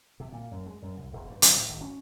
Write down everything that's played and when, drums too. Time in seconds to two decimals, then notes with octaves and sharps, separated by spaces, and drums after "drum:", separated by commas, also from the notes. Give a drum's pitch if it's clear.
0.20 C3
0.32 A#2
0.51 F#2
0.66 G#3
0.82 F#2
0.97 C2
1.13 E1
1.30 G2
1.42 G#2, drum: hi-hat
1.57 A2
1.69 G#1
1.81 C#4